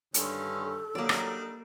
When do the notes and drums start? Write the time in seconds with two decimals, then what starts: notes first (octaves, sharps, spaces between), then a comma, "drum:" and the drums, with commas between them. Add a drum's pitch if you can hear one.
0.14 G2 D3 D#3 C#4 A4, drum: hi-hat
0.95 F#3 G3 A#3 D4 D#4 D5
1.09 drum: rim click